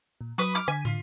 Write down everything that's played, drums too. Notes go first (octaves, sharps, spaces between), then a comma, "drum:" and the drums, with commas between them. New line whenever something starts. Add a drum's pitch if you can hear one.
A#2
F#3 B4 C#6 D#6
D6 F6
D3 G#5 B6, drum: rim click
F4, drum: tom